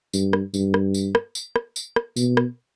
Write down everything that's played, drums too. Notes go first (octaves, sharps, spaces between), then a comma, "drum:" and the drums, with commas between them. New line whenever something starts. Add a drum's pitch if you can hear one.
G2, drum: tambourine
drum: rim click
G2, drum: tambourine
drum: rim click
drum: tambourine
drum: rim click
drum: tambourine
drum: rim click
drum: tambourine
drum: rim click
B2, drum: tambourine
drum: rim click